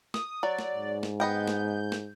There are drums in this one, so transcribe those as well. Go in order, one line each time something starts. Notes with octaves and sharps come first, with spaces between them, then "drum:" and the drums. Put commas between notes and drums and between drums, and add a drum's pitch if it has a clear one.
D#6, drum: snare
F#3 D5
drum: snare
G#2
drum: snare
B3 D#5 G5 G6
drum: snare
drum: snare